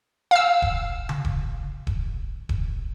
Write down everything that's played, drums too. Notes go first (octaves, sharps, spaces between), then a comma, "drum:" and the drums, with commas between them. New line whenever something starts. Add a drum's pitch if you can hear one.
F5 E6
drum: kick D#1
drum: tom C#3
drum: kick D#1
drum: kick D#1
drum: kick D#1